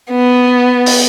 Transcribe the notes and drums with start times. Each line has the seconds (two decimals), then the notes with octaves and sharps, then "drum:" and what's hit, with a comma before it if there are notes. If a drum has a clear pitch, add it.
0.11 B3
0.86 drum: open hi-hat